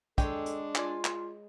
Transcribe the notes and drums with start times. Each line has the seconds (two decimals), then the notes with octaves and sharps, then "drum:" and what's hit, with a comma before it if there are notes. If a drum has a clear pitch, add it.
0.18 G#3 D4 A4 C#5 G5, drum: kick, hi-hat
0.46 drum: hi-hat
0.75 F4 D5 G#5, drum: clap
1.05 drum: clap